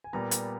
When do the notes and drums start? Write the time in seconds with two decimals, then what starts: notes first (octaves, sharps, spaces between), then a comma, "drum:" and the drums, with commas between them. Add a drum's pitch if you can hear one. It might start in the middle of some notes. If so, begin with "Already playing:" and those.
0.04 G#5
0.13 A#2 G3 B3 A#5
0.31 drum: hi-hat